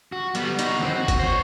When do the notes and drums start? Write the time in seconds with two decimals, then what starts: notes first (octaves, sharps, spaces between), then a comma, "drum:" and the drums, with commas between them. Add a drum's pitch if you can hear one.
0.12 F#4
0.35 G3 B3, drum: hi-hat
0.59 D#4 F#4, drum: hi-hat
0.79 D#2 C4
0.96 F#4
1.08 drum: kick F#1, hi-hat
1.19 C5 C#5